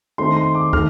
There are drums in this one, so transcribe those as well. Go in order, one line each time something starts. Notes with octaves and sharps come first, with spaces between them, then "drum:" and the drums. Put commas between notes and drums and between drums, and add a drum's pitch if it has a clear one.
D#3 A3 C4 D#4 C6
C6
D6
D#3 A3 D#4 F6, drum: kick